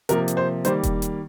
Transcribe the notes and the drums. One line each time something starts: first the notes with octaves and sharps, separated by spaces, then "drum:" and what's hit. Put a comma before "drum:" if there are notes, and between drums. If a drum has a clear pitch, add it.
C3 F3 A#3 A#4, drum: hi-hat
drum: hi-hat
C5
D#3 G3 A#3 C5, drum: hi-hat
drum: kick E1, hi-hat
drum: hi-hat